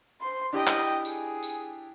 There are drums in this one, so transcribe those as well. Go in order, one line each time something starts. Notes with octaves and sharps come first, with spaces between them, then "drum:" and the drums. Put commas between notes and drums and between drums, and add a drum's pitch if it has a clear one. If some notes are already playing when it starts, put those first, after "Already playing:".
C5 C6
D4 E4 G4 D#5 G5
drum: clap
G#4, drum: tambourine
drum: tambourine